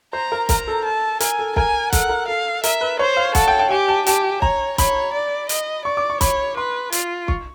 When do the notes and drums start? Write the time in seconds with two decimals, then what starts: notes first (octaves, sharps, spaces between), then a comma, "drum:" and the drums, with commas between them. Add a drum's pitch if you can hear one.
0.13 C5 A#5
0.32 A#4
0.49 A#4 A#5, drum: kick, hi-hat
0.68 A4
0.85 A5
1.20 A#4 G#5, drum: hi-hat
1.39 A4
1.56 A#4 G#5, drum: kick
1.93 A4 F#5, drum: kick, hi-hat
2.09 A#4
2.28 A4 F5
2.63 A#4 E5, drum: hi-hat
2.81 B4
2.99 C5 C#5
3.17 F5
3.35 A4 F#5, drum: kick, hi-hat
3.48 G5
3.59 G5
3.71 G4 G#5
3.88 A5
4.07 G4 A5, drum: hi-hat
4.42 C#5 A#5, drum: kick
4.78 C#5 B5, drum: kick, hi-hat
5.13 D5
5.49 D#5, drum: hi-hat
5.85 D5 C#6
5.97 D6
6.10 C#6
6.21 C#5 B5, drum: kick, hi-hat
6.57 B4 C6
6.92 F4, drum: hi-hat
7.28 C#6, drum: kick